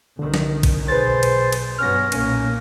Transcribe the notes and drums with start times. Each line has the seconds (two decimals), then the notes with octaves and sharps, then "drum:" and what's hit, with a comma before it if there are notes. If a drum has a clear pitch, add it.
0.19 C2 D3 D#3
0.34 drum: snare
0.63 drum: kick A#1, cymbal
0.88 B1 G#4 B4 C5 A6
1.23 drum: cymbal
1.53 drum: cymbal
1.79 G2 F#3 B3 C#4 F6 A#6
2.12 B1 A#2 A#3 C#4, drum: cymbal